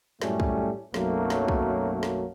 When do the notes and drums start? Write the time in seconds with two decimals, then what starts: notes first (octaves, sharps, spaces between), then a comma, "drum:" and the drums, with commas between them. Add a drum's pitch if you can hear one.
0.22 F#2 A2 G3 A3 C#4, drum: snare
0.40 drum: kick
0.94 B1 F#2 F#3 A3 A#3, drum: snare
1.30 drum: snare
1.48 drum: kick
2.03 drum: snare